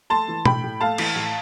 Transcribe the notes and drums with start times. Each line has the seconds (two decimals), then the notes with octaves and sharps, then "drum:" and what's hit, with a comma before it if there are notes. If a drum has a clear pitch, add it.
0.10 A3 A5 C6
0.28 E3
0.46 A2 G5 B5, drum: tom B2
0.64 A2
0.80 A3 F5 A5
0.98 E3, drum: cymbal
1.16 A2